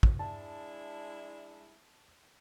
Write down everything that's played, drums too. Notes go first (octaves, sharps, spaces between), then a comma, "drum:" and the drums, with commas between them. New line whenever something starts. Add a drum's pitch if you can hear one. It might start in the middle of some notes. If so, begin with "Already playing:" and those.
drum: kick
G#3 D4 E4 A5